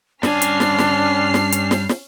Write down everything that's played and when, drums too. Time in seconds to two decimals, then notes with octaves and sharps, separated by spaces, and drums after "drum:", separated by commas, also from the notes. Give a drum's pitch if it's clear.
0.23 G2 C#4 D4 G#5 F6 C7, drum: snare
0.42 drum: hi-hat
0.60 drum: snare
0.79 drum: snare
1.34 drum: snare
1.52 drum: hi-hat
1.71 drum: snare
1.89 drum: snare